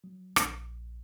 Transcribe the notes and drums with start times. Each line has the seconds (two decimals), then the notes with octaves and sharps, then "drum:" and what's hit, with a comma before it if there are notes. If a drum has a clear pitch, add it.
0.04 F#3
0.36 A#1, drum: rim click